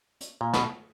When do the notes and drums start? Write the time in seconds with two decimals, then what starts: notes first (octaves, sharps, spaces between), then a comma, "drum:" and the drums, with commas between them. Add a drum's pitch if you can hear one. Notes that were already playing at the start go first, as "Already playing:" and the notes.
0.21 drum: hi-hat
0.41 A#2
0.54 B2, drum: snare